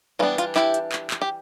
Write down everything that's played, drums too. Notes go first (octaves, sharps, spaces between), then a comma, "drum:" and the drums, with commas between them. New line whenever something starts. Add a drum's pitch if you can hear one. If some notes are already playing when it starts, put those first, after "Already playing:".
E3 G3 B3 D4 F4
F4, drum: hi-hat
E4 G4, drum: clap
drum: hi-hat
drum: clap
drum: clap
G4